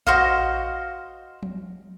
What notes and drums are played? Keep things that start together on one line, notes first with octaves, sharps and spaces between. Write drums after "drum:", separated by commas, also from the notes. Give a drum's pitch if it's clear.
F#4 C5 D#5 F5, drum: kick A#1
drum: tom F3